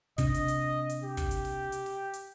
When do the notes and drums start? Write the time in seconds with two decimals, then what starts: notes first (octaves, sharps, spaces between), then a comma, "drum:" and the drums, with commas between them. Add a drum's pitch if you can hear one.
0.18 C3 D4 D#5, drum: kick, hi-hat
0.35 drum: hi-hat
0.48 drum: hi-hat
0.90 drum: hi-hat
1.03 G4
1.17 drum: kick, hi-hat
1.31 drum: hi-hat
1.45 drum: open hi-hat
1.72 drum: hi-hat
1.86 drum: open hi-hat
2.14 drum: hi-hat